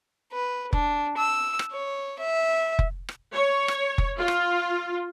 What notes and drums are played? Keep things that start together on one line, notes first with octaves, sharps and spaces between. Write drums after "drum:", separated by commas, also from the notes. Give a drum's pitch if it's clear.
B4
D4, drum: kick F1
E6
drum: rim click
C#5
E5
drum: kick F1
drum: rim click
C#5
drum: rim click
drum: kick F1
F4
drum: rim click